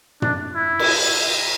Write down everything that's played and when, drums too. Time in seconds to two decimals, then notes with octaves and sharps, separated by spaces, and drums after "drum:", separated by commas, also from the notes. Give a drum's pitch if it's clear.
0.22 D4, drum: tom
0.55 E4
0.79 drum: cymbal